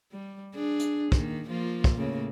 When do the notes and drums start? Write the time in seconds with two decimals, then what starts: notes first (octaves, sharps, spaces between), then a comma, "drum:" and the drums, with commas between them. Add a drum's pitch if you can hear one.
0.12 G3
0.55 D4 G#4
0.79 drum: hi-hat
1.12 D#3 A#3, drum: kick
1.49 F3 A#3 F4
1.84 drum: kick
1.96 A2 C#3 A#3